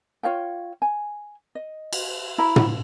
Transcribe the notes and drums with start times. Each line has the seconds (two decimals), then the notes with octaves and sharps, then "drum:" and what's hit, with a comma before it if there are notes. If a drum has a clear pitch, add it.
0.23 F4 C#5 F5 G5
0.82 G#5
1.55 D#5
1.93 drum: cymbal
2.38 E4 A#5 B5
2.56 drum: tom